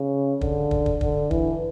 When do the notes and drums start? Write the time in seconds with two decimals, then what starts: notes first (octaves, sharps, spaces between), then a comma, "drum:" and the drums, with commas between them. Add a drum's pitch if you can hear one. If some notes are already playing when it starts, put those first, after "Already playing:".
Already playing: C#3
0.41 D3, drum: kick
0.71 drum: kick
0.86 drum: kick
1.01 D3, drum: kick
1.31 E3, drum: kick